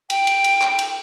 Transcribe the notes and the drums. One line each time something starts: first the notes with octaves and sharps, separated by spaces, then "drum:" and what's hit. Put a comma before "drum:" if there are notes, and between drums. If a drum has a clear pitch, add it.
G5, drum: cymbal
drum: cymbal
drum: cymbal
drum: clap
drum: cymbal